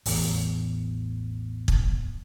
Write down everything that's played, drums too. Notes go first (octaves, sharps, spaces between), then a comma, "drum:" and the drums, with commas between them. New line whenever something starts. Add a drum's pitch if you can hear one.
A1 E2, drum: open hi-hat
drum: kick